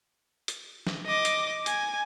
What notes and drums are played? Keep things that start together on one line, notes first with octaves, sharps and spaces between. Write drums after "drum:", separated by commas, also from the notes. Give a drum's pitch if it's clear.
drum: hi-hat
drum: snare
D#5 D6
drum: hi-hat
G#5, drum: hi-hat